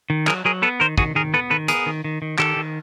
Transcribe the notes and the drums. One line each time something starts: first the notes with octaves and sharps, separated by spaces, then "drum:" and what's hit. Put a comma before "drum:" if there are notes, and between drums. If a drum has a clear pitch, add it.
D#3
F#3 G#4 A#4, drum: clap
F#3 G#4 A#4
B3 A4 B4
D#3 A#4 C5
D#3 F#4 G#4, drum: kick
D#3 G#4 A#4
B3 A4 B4
D#3 A4 B4
B3 G#4 A#4, drum: hi-hat
D#3
D#3
D#3
D#3 G4 A4, drum: clap
D#3